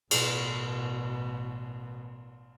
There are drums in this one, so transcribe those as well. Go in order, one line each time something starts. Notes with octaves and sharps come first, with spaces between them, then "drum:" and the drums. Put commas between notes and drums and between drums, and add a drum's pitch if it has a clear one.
A1 B2, drum: cymbal